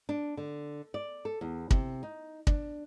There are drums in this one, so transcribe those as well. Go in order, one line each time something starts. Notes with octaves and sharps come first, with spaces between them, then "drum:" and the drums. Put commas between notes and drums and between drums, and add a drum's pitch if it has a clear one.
D4
D3
D5
A4
E2
C3, drum: kick
D#4
D4, drum: kick